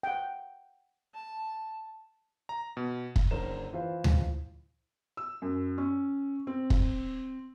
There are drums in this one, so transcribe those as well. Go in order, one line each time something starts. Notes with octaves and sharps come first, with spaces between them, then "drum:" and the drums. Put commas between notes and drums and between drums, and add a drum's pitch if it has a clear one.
F#5 G5
A5
A#5
B2
drum: kick
F#1 D3 A#4 C5 E7
E3 F4 B4 C5
drum: tom D2
E6
F#2
C#4
C4
drum: kick